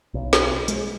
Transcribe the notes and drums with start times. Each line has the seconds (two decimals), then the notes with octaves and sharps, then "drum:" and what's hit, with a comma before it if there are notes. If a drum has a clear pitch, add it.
0.14 B1
0.33 drum: snare
0.68 G#3, drum: hi-hat